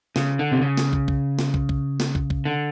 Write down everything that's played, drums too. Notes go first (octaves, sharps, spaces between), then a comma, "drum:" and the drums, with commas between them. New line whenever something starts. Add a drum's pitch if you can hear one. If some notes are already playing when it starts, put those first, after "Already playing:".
C#3, drum: snare
D3
C3
C#3
drum: snare
drum: kick
drum: kick
drum: snare
drum: kick
drum: kick
drum: snare
drum: kick
drum: kick
D3